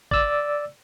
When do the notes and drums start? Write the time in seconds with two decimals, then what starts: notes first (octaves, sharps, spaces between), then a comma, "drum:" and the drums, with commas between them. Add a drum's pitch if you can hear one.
0.11 D5 E6, drum: kick